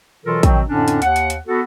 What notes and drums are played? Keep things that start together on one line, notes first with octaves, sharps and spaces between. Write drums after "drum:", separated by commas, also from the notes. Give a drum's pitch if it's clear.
B2 E3 F#3 F4 A4 A#4
B2 D#3 F#3 C4, drum: kick, hi-hat
F2 A2 D3 C#4 D4
drum: hi-hat
D#2 F#5, drum: hi-hat
drum: hi-hat
drum: hi-hat
B3 F#4 A4